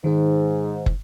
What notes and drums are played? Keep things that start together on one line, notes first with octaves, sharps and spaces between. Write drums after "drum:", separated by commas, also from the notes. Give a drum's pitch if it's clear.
G#2 D#3 D#4
drum: kick